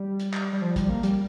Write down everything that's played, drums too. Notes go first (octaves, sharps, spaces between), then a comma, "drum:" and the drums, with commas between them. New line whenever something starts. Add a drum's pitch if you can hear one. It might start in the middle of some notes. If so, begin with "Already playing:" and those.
Already playing: G3
drum: hi-hat
drum: clap
G3
F3
G3, drum: kick, hi-hat
A#3
G3, drum: hi-hat